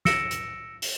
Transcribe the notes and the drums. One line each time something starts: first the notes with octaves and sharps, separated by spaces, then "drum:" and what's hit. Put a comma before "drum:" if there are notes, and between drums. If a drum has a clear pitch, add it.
E6 A#6 C#7 D7 E7, drum: snare
drum: hi-hat
drum: open hi-hat